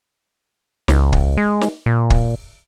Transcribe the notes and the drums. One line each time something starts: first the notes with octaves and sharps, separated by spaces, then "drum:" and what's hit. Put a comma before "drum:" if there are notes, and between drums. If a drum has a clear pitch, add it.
C#2, drum: snare
drum: kick
G#3
drum: snare
A#2
drum: kick